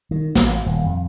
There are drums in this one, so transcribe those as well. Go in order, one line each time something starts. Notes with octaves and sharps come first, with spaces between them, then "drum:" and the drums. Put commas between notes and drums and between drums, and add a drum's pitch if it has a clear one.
D#3
A1, drum: snare
D#1
F2